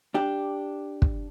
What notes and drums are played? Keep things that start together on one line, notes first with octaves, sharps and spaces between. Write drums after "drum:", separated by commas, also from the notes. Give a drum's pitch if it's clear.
D4 G4
drum: kick